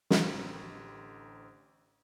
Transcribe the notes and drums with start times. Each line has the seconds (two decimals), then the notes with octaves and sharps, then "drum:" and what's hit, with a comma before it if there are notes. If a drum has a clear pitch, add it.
0.10 A1 D3 G4 C5 A#5 C#6, drum: snare